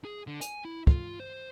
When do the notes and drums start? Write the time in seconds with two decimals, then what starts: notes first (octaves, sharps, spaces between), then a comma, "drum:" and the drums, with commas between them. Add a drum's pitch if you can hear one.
0.05 G#4
0.27 D3
0.41 G#5, drum: hi-hat
0.65 E4
0.87 F4, drum: kick
1.20 C5